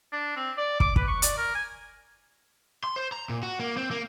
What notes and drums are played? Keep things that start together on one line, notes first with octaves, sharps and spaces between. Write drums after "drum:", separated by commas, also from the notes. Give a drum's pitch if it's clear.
D4
C4
D5
D6, drum: kick
B4, drum: kick
C#6
D5, drum: hi-hat
A#4
G#5
C6
C5
A#5
A#2
F#4
A#3
C4
A#3